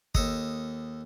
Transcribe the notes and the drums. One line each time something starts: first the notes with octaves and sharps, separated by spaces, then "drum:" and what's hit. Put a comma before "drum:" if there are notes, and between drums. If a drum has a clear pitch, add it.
D#2 A4 D#5, drum: kick